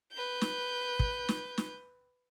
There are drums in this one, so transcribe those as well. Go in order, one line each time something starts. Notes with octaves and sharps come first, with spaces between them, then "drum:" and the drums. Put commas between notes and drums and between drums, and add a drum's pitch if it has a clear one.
B4 G6
drum: snare
drum: kick
drum: snare
drum: snare